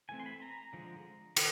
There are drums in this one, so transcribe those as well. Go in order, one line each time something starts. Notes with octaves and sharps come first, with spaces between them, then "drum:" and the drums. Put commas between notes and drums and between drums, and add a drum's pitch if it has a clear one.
E3 A3 C4 G#5
C6
B5
A#5
D3 F3 G#3
D#3, drum: cymbal